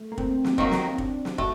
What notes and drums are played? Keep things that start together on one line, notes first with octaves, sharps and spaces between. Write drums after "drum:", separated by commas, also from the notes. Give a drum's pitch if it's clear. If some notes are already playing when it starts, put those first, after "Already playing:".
Already playing: A3
A#3
C4, drum: kick
drum: snare
D#3 F#3 A#3, drum: kick
drum: snare
C4
D4, drum: kick
drum: snare
A3 F#4, drum: kick